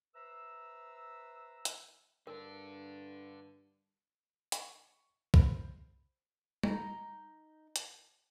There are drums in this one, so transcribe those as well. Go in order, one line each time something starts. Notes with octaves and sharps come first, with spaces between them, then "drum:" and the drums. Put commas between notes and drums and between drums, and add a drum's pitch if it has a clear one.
B4 C5 E5 A#5 E6
drum: hi-hat
G2 D3 D4 A#4
C#6, drum: hi-hat
C5 B5, drum: kick
D#4 A#5, drum: tom G3
drum: hi-hat